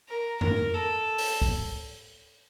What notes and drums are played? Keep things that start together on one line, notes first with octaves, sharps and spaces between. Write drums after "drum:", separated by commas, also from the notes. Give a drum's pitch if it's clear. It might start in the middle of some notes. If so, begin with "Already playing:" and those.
A#4
A#4, drum: tom F2
A4
drum: open hi-hat
drum: kick